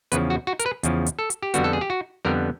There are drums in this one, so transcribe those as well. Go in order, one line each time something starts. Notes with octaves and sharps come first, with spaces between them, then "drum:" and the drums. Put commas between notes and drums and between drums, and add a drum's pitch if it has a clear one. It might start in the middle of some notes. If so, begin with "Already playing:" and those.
E2 C#3 F3 B4, drum: hi-hat
F#4
F#4
A#4, drum: hi-hat
B4
E2 C#3 F3, drum: hi-hat
drum: hi-hat
A4
drum: hi-hat
G4
F2 D3 G3 B3 F#4, drum: hi-hat
A4
G#4
G4
F#4
F2 D3 G3 B3 A#4